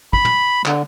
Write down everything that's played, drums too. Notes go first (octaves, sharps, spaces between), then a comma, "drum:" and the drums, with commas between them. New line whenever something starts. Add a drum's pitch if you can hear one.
B5, drum: kick
drum: tom
D3, drum: clap